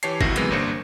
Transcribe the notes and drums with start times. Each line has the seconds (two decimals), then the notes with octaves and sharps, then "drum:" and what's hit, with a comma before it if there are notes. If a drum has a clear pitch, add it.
0.03 E3 G4 C#5 A5 C7, drum: hi-hat
0.21 C#2 C3 D#3 E4 F#4 A#6, drum: kick
0.36 C3 E3 F#3 G#3 B3, drum: hi-hat
0.51 G1 G2 A#3 D4 C5 C#7